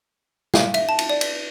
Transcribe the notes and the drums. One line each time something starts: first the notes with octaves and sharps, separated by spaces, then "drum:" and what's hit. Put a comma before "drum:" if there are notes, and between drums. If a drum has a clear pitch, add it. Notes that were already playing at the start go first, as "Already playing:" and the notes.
F5, drum: snare
E5, drum: cymbal
A5
drum: cymbal
D5
drum: cymbal